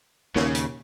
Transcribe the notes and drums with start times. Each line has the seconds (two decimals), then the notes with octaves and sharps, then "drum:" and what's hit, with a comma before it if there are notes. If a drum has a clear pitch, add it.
0.36 D#2 C#3, drum: snare
0.55 drum: hi-hat